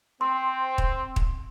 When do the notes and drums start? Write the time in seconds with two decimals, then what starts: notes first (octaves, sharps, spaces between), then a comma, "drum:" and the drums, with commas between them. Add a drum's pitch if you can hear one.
0.21 C4 C6
0.78 drum: kick
1.16 drum: kick